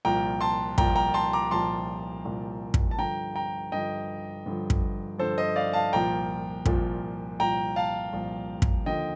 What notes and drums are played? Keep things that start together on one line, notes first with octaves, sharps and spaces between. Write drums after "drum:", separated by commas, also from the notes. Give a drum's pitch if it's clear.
C2 A#2 F3 G5 A#5
A5 C6
C2 A#2 F3 G5 A#5, drum: kick
G5 A#5
A5 C6
A#5 D6
C2 A#2 F3 A5 C6
C2 A#2 F3
drum: kick
A5
G2 D3 F3 G5 A#5
G5 A#5
G2 D3 F3 D#5 G5
G2 D3 F3
drum: kick
G2 D3 F3 A4 C5
C5 D#5
D5 F5
F5 A5
C2 A#2 F3 G5 A#5
C2 A#2 F3, drum: kick
C2 A#2 F3 G5 A#5
F5 A5
C2 A#2 F3
drum: kick
D#2 D3 F3 D#5 G5